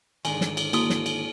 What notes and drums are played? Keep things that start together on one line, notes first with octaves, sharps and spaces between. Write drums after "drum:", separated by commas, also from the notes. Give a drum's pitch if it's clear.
G#2 D3 D#3 G#5, drum: cymbal
drum: snare
drum: cymbal
A#3 E4 F#4 D#6, drum: cymbal
drum: snare
drum: cymbal